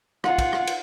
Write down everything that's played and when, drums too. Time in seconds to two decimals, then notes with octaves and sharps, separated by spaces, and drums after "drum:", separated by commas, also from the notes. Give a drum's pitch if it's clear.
0.24 F4 F#5, drum: rim click
0.38 drum: kick, cymbal
0.53 drum: rim click
0.67 drum: cymbal